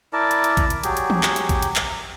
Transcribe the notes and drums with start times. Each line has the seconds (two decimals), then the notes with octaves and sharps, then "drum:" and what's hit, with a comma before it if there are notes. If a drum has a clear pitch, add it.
0.13 E4 A#4 D5 A5
0.31 drum: hi-hat
0.44 drum: hi-hat
0.57 drum: kick A1, hi-hat
0.70 drum: hi-hat
0.84 F#3 G4 G#4, drum: hi-hat
0.97 drum: hi-hat
1.10 drum: tom E3
1.23 drum: clap
1.36 drum: hi-hat
1.49 drum: kick A1, hi-hat
1.62 drum: hi-hat
1.76 drum: clap